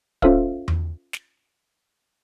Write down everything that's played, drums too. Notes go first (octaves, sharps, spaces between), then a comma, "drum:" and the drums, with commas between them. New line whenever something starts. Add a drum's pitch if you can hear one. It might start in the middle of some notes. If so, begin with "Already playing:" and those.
C#4 F4 A4 C5 E5 F5, drum: kick
drum: tom E2
drum: snare